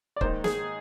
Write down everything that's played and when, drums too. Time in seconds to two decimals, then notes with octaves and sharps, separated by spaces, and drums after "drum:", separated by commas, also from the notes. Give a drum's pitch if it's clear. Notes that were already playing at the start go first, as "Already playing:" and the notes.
0.16 D5
0.21 G#2 D#3 A#3 D#4 C5, drum: kick
0.44 G#4, drum: snare